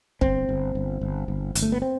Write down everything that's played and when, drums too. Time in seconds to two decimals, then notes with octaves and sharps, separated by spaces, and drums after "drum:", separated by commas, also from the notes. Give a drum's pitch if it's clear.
0.21 G1 C4, drum: kick
0.49 G1
0.75 G1
1.01 G1
1.28 G1
1.55 G1, drum: hi-hat
1.62 A3
1.72 B3
1.82 C4